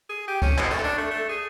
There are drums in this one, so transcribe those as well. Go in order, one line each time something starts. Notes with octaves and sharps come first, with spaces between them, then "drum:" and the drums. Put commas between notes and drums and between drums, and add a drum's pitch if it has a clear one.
G#4
G4
C#4, drum: kick, tambourine
B2, drum: clap
A3, drum: tambourine
D4
A3
A3
G#4